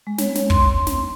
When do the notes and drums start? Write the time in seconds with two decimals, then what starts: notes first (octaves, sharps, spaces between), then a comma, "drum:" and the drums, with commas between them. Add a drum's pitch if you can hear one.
0.07 G#3
0.18 C#5, drum: snare
0.35 drum: snare
0.50 C6, drum: kick
0.87 drum: snare